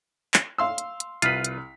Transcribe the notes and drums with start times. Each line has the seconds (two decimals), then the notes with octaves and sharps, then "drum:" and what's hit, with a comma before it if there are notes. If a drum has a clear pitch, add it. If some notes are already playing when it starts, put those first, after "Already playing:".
0.34 drum: clap
0.58 F5 C6 E6
0.78 drum: hi-hat
1.00 drum: hi-hat
1.22 C2 F4 B4 F6 B6, drum: hi-hat
1.45 drum: hi-hat